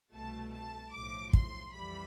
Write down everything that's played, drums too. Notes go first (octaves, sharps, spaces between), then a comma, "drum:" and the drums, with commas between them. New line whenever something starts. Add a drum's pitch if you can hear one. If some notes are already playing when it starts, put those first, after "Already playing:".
C2 B2 A3 A5
A5
B1 A2 F3 D6
C6, drum: kick
F2 E3 G3 B5